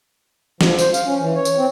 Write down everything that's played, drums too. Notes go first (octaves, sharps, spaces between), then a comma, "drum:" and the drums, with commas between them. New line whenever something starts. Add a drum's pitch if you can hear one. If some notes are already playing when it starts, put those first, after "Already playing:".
F3, drum: snare
C5, drum: tambourine
F5, drum: tambourine
C#4
E3
C#5
drum: tambourine
C4